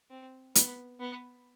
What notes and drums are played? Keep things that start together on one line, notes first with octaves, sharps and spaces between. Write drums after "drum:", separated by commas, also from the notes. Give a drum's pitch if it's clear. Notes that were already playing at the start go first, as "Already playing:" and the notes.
C4
B3, drum: hi-hat
B3